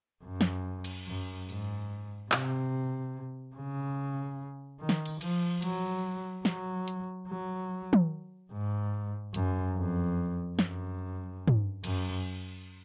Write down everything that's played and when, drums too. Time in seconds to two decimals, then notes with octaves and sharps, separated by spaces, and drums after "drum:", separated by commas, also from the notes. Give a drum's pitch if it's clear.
0.24 F#2
0.41 drum: snare
0.84 drum: cymbal
1.07 F#2
1.49 G#2, drum: tambourine
2.32 C3, drum: clap
3.56 C#3
4.80 D#3
4.89 drum: snare
5.06 drum: cymbal
5.21 F3, drum: cymbal
5.62 F#3, drum: cymbal
6.45 F#3, drum: snare
6.88 drum: hi-hat
7.28 F#3
7.93 drum: tom
8.52 G#2
9.34 F#2, drum: hi-hat
9.76 F2
10.59 F#2, drum: snare
11.48 drum: tom
11.84 F#2, drum: cymbal